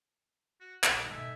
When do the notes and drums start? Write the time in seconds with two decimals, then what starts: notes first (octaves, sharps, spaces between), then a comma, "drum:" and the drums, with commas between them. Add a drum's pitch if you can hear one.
0.60 F#4
0.84 A#1 F#4 G#4 F#5, drum: clap
1.03 G1 D#4 A4 G#5
1.15 B2 D4 E5